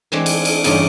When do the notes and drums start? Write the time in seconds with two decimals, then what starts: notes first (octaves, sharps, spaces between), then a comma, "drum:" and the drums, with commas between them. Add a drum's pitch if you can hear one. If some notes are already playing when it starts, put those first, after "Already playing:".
0.12 E3 G#3 A3 C4 D4
0.26 drum: cymbal
0.45 drum: cymbal
0.64 E2 G2 C#3 D#4 F4 D5, drum: cymbal